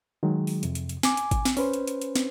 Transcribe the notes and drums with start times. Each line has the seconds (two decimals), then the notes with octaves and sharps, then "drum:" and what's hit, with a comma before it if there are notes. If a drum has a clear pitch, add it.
0.23 D#3 F#3 G#3
0.47 drum: open hi-hat
0.63 F2 C3, drum: hi-hat
0.75 drum: hi-hat
0.89 drum: hi-hat
1.03 G#5 D6, drum: snare
1.17 drum: hi-hat
1.31 drum: kick G#1, hi-hat
1.45 drum: snare
1.57 C#4 B4 C5, drum: open hi-hat
1.73 drum: hi-hat
1.87 drum: hi-hat
2.02 drum: hi-hat
2.16 drum: snare